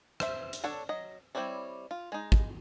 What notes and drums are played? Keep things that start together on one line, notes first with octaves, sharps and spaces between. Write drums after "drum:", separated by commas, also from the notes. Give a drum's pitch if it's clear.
C5 E5, drum: rim click
drum: hi-hat
D4 A4 C#5 F#5
F#3 D#5
G3 C4 E4 C#5 D5
F4
G#3 D#4
drum: kick